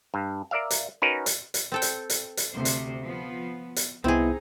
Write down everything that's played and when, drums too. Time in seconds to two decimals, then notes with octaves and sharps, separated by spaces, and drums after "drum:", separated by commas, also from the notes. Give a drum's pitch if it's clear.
0.14 G2
0.51 A#4 D5 E5 F5
0.70 drum: hi-hat
1.02 C#4 D#4 F#4 A#4 B4
1.26 drum: hi-hat
1.54 drum: hi-hat
1.72 C4 A4 G5
1.82 drum: hi-hat
2.10 drum: hi-hat
2.37 drum: hi-hat
2.51 D2 C3 C5
2.65 drum: hi-hat
3.04 F3 B3
3.76 drum: hi-hat
4.04 C2 B3 C4 D#4 E4 G#4